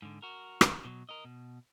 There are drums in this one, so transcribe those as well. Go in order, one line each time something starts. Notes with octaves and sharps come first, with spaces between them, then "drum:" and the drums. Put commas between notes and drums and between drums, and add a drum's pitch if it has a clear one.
G#2 D3
F#4 A#4
drum: rim click
B2 F#3
A#4 D#5
B2